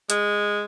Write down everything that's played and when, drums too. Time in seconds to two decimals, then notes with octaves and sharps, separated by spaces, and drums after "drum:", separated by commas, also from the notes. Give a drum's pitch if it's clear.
0.10 G#3, drum: hi-hat